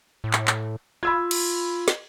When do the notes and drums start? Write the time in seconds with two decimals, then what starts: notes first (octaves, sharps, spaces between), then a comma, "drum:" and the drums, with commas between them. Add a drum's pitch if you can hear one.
0.24 A2
0.33 drum: clap
0.47 drum: clap
1.03 F4 B5 E6 G#6
1.31 drum: cymbal
1.88 drum: snare